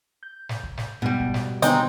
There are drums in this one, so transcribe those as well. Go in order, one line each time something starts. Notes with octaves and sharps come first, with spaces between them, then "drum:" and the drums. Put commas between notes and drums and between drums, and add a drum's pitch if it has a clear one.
G6
drum: snare
drum: kick
drum: snare
G#2 B2 G3
drum: kick
drum: snare
D3 G#3 B3 C4 D#4, drum: hi-hat